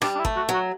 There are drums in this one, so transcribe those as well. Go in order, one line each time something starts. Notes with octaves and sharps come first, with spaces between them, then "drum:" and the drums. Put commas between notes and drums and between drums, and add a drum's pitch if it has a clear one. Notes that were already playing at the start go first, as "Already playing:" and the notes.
G3 D4, drum: rim click
D4
E4
A3, drum: kick
F#4
F#3
F#4